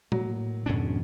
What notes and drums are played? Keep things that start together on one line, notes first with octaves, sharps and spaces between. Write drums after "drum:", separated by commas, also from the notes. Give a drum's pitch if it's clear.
A2 F#3 A#3, drum: tom
F2 G#2 B2 D#3 C#4 D4